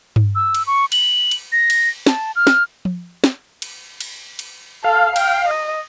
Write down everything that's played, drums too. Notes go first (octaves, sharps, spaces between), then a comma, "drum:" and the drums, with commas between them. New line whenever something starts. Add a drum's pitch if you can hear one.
drum: tom G2
E6
drum: cymbal
C#6
F#7, drum: cymbal
drum: cymbal
A#6
drum: cymbal
A5, drum: snare
F6
drum: snare
drum: tom F3
drum: snare
drum: cymbal
drum: cymbal
drum: cymbal
A4 F5
G5, drum: cymbal
D#5